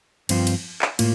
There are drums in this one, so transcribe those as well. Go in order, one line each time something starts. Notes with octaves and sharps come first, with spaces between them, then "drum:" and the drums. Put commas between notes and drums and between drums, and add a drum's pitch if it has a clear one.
G2 F3 C4 F4, drum: cymbal
drum: cymbal
drum: clap
A2 A#3 F4, drum: cymbal